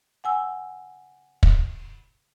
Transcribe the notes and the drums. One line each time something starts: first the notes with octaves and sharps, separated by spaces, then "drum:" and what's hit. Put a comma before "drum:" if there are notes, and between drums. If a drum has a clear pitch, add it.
F#5 G#5 E6
drum: kick